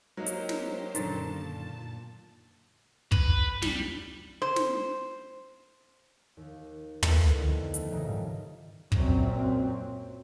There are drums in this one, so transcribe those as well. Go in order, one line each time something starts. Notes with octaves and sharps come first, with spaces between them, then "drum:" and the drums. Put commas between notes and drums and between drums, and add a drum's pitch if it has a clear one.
F#3 A#3 D#4 G4 C5
drum: hi-hat
drum: snare
F#2 A#2 D3 D#3 A5 A#5 C6 A6, drum: hi-hat
B4, drum: kick
G3, drum: snare
C5
drum: snare
D#2
A#3 B3 E4 F4 A4 B4, drum: tom
F2 D3 D#3
A3, drum: hi-hat
A#1 C#3 E3 D#4 A#5 F#6
G#2 G3
F#2 A#2 F#3 C4, drum: kick